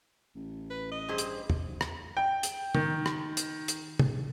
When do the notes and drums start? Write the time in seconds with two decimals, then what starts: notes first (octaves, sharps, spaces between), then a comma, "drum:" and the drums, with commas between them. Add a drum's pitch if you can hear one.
0.35 A1
0.70 B4
0.92 D#5
1.09 G2 G#4 C5
1.18 drum: hi-hat
1.50 drum: tom
1.81 drum: rim click
2.17 G5
2.43 drum: hi-hat
2.75 D#3, drum: tom
3.06 drum: rim click
3.37 drum: hi-hat
3.68 drum: hi-hat
3.99 drum: tom